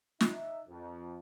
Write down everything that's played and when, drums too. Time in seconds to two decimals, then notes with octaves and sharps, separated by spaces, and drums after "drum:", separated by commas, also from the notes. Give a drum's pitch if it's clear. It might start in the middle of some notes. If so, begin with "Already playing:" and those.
0.20 D#4 E5, drum: snare
0.68 F2